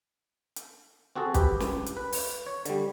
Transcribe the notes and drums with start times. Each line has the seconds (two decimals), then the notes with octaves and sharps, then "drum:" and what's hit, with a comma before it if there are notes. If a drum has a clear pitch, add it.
0.56 drum: hi-hat
1.16 C4 F#4 G#4 A4
1.34 G4 B4, drum: kick, hi-hat
1.60 drum: snare
1.86 drum: hi-hat
1.97 B4
2.12 drum: open hi-hat
2.47 C#5
2.65 D3 G3, drum: hi-hat